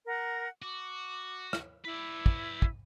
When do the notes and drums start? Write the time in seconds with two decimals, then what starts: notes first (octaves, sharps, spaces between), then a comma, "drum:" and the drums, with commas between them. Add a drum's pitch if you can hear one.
0.06 A#4 F#5 A#5
0.62 F#4 D6
1.53 drum: rim click
1.84 E4 B4 D5
2.26 drum: kick
2.62 drum: kick